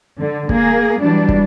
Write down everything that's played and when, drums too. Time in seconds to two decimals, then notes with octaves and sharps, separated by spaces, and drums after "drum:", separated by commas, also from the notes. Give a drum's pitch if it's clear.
0.17 D3
0.49 A#3 G#4, drum: kick
0.99 E3 F#3 G3 D4
1.29 drum: kick